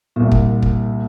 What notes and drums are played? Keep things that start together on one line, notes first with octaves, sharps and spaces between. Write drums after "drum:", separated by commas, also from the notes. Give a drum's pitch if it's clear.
C2 A#2
drum: kick
drum: kick